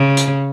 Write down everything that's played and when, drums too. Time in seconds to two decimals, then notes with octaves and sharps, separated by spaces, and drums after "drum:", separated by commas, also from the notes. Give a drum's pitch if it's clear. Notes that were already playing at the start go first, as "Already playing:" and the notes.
Already playing: C#3
0.17 drum: hi-hat